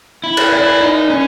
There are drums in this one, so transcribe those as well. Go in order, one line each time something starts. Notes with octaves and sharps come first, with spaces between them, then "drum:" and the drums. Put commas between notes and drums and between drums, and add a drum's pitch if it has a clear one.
E4
drum: cymbal
E4
D#4
C#4